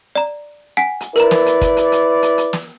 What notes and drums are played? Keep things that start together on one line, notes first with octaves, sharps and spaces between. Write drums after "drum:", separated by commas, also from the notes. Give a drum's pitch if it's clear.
D5 A#5
F#5 G#5 B6
drum: hi-hat
E4 A#4 B4 D5 A#5, drum: hi-hat
drum: snare
drum: hi-hat
drum: kick, hi-hat
drum: hi-hat
drum: hi-hat
drum: hi-hat
drum: hi-hat
drum: snare